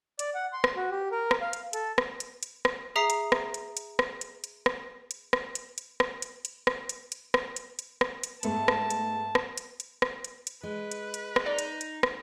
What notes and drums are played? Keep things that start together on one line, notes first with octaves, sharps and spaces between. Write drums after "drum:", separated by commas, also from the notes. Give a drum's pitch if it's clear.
D5, drum: hi-hat
F#5
C6
drum: rim click
F#4
G4
A#4
drum: rim click
F5
drum: hi-hat
A4, drum: hi-hat
drum: rim click
drum: hi-hat
drum: hi-hat
drum: rim click
G#4 E5 A#5 D#6 C7
drum: hi-hat
drum: rim click
drum: hi-hat
drum: hi-hat
drum: rim click
drum: hi-hat
drum: hi-hat
drum: rim click
drum: hi-hat
drum: rim click
drum: hi-hat
drum: hi-hat
drum: rim click
drum: hi-hat
drum: hi-hat
drum: rim click
drum: hi-hat
drum: hi-hat
drum: rim click
drum: hi-hat
drum: hi-hat
drum: rim click
drum: hi-hat
G#2 A3 B3 A5, drum: hi-hat
drum: rim click
drum: hi-hat
drum: rim click
drum: hi-hat
drum: hi-hat
drum: rim click
drum: hi-hat
drum: hi-hat
G#3 B4
drum: hi-hat
drum: hi-hat
drum: rim click
D#4 D5
drum: hi-hat
drum: hi-hat
drum: rim click